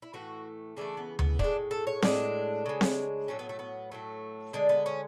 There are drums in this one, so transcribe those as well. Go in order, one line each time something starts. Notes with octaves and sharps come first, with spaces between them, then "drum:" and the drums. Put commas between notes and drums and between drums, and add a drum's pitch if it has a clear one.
E4
A2 E3 A3 F#4
C#3 E3 A3 D4
B3
B3, drum: tom D2
A2 G#3 D4, drum: kick
A4
C#5
A2 G#3 D4, drum: snare C4
C#3 G#3
drum: snare C4
A2 F#3 A3 C#4
B3
A3
B3
A2 F#3 A3
D3 G#3 D4
B3
C#4